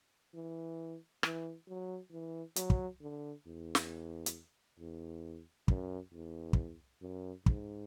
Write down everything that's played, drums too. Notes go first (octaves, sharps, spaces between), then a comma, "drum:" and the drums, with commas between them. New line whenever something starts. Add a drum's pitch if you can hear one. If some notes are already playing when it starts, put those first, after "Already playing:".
E3
E3, drum: rim click
F#3
E3
F#3, drum: hi-hat
drum: kick
D3
E2
drum: snare
drum: hi-hat
E2
F#2, drum: kick
E2
drum: kick
F#2
G#2, drum: kick